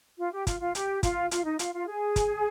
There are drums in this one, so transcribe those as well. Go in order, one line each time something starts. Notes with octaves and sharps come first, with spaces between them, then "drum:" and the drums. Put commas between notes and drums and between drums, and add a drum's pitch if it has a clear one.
F4
G4
F4, drum: kick, hi-hat
F4
G4, drum: hi-hat
F4, drum: kick, hi-hat
F4, drum: hi-hat
D#4
F4, drum: hi-hat
F4
G#4
drum: kick, hi-hat